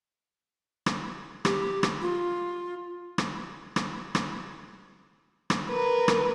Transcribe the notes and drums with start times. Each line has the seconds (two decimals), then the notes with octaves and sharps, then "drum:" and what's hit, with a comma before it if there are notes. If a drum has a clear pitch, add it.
0.86 drum: rim click
1.45 G4, drum: rim click
1.83 drum: rim click
2.02 F4
3.18 drum: rim click
3.76 drum: rim click
4.15 drum: rim click
5.50 drum: rim click
5.69 A#4 B4
6.08 drum: rim click